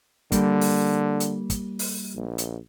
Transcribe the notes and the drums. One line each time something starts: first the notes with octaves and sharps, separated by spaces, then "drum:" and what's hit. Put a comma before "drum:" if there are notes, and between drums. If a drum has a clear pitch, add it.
D3 G3 A#3, drum: kick, hi-hat
drum: open hi-hat
drum: hi-hat
drum: kick, hi-hat
drum: open hi-hat
A#1
drum: hi-hat